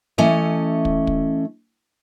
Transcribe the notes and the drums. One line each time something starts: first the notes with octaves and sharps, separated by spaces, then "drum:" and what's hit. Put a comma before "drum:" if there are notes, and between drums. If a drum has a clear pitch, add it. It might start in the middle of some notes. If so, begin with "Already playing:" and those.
E3 A3 C#4 D#5
drum: kick
drum: kick